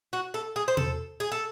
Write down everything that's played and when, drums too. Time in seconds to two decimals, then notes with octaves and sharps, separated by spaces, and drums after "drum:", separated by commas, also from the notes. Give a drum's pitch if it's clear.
0.13 F#4
0.34 A4
0.56 G#4
0.68 C5
0.77 A4, drum: tom B2
1.20 G#4
1.32 A4